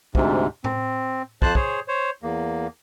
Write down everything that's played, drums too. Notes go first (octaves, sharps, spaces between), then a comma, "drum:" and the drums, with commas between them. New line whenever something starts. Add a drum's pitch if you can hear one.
D2 G#2 C3, drum: kick
C4, drum: tom A2
F2 C5 A5 F#6, drum: kick
G#4 C5 C#5, drum: kick
C5 C#5
E2 A#3